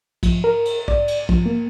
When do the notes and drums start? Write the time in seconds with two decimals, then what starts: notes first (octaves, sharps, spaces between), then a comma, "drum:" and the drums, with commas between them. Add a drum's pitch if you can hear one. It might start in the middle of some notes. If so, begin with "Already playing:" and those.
0.23 F3, drum: kick, cymbal
0.44 A#4
0.65 drum: cymbal
0.88 D5, drum: kick
1.08 drum: cymbal
1.29 F3, drum: kick
1.46 A#3